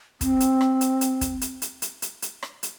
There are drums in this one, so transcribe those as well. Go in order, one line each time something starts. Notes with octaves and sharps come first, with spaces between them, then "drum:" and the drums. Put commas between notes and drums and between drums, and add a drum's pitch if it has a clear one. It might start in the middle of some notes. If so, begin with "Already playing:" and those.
C4, drum: kick, hi-hat
drum: hi-hat
drum: rim click
drum: hi-hat
drum: hi-hat
drum: kick, hi-hat
drum: hi-hat
drum: hi-hat
drum: hi-hat
drum: hi-hat
drum: hi-hat
drum: rim click
drum: hi-hat